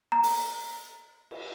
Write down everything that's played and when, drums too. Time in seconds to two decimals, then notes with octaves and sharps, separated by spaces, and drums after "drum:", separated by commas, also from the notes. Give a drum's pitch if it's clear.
0.12 A#5
0.23 drum: open hi-hat
1.31 drum: cymbal